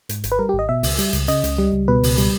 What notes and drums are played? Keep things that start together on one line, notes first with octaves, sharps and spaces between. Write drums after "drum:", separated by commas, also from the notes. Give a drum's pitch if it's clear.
G#2, drum: hi-hat
G#1, drum: hi-hat
B4
G3 A#4
G4
G#1
D#5
B2 E5
C#2, drum: open hi-hat
G3, drum: hi-hat
C#2, drum: hi-hat
C#3 D#5, drum: hi-hat
C#2, drum: hi-hat
G3
C#2
B2 B4
C#2, drum: open hi-hat
G3, drum: hi-hat